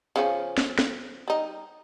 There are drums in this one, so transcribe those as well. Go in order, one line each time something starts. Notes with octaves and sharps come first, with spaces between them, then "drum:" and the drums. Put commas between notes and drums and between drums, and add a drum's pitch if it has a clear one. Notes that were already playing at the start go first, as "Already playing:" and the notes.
C#3 F3 C#4
drum: snare
drum: snare
G3 D#4